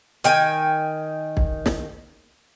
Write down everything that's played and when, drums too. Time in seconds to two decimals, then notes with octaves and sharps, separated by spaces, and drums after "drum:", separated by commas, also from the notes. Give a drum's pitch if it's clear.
0.24 D#3 G5 G#5, drum: hi-hat
1.37 drum: kick
1.66 drum: snare